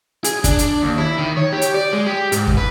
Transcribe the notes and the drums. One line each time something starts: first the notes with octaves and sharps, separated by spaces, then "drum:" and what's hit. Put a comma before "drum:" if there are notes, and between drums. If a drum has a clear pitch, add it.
G#4, drum: hi-hat
D4, drum: kick, hi-hat
drum: hi-hat
D#2
E4
D#3
C#5
G4
drum: hi-hat
D5
G#3
G4
G#2, drum: hi-hat
drum: kick
B4